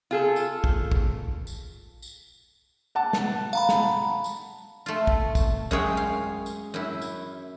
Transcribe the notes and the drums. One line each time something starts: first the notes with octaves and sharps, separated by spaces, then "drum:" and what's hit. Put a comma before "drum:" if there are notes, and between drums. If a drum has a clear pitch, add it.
F4 G#4 A4
drum: tambourine
drum: kick
drum: kick
drum: tambourine
drum: tambourine
F#5 A5
drum: snare
F5 A#5 B5
drum: snare
drum: tambourine
A3 F4
drum: kick
drum: kick, tambourine
F#2 G#3 G#4 C#5 F5 G5
F5
drum: tambourine
F#2 E4
drum: tambourine